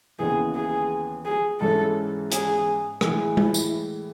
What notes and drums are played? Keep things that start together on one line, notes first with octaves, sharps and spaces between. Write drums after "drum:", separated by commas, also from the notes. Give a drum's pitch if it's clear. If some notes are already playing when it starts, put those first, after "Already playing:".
D#2 C#3 E3 B3 E4 G#4
G#4
G#4
G#2 E3 G#3 C#4 E4 A4
G#4, drum: hi-hat
A2 E3 G#3 G#4, drum: rim click
E4, drum: tom G#3
drum: tambourine